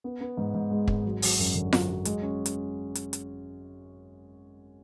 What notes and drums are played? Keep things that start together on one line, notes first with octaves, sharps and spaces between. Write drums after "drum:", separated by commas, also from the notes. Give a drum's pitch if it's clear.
B3
B3
G#2
G#2
G#3
G#1, drum: kick
F#3
F#3, drum: open hi-hat
F#2
D3
F#3, drum: snare F4
F#3
G#3, drum: hi-hat
C#4
drum: hi-hat
drum: hi-hat
drum: hi-hat